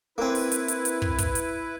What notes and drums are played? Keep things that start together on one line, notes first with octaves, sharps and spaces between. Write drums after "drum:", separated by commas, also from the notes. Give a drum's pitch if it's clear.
A#3 C4 E4 B4
drum: open hi-hat
drum: hi-hat
drum: hi-hat
drum: hi-hat
drum: kick
drum: kick, hi-hat
drum: hi-hat